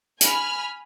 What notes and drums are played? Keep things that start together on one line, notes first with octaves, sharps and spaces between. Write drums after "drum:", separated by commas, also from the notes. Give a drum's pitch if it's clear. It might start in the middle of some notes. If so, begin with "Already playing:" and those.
G#5 B5 F6, drum: hi-hat